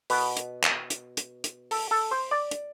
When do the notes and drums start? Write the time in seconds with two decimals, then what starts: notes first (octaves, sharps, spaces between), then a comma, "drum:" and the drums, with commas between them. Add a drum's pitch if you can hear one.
0.10 B2 B3 B4, drum: open hi-hat
0.37 drum: hi-hat
0.63 drum: clap
0.90 drum: hi-hat
1.17 drum: hi-hat
1.44 drum: hi-hat
1.71 A4, drum: open hi-hat
1.91 A4
2.11 C5
2.31 D5
2.51 drum: hi-hat